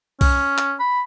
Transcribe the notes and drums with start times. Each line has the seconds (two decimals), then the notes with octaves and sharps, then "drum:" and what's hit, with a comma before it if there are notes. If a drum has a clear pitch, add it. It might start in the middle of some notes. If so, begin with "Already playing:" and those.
0.21 C#4, drum: kick B1, open hi-hat
0.58 drum: clap
0.80 B5